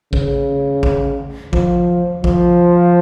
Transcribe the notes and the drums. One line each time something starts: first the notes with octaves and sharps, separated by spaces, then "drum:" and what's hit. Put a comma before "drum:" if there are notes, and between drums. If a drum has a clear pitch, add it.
C#3, drum: kick A1
drum: kick A1
F3, drum: kick A1
F3, drum: kick A1